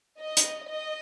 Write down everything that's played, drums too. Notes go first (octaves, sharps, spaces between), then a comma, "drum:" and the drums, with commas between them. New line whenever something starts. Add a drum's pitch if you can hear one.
D#5
drum: hi-hat
D#5